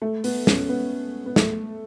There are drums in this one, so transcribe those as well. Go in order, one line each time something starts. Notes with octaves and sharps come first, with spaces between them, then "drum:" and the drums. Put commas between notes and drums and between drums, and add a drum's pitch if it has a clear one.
A3
B3, drum: open hi-hat
C#4, drum: snare
B3
B3
A3, drum: snare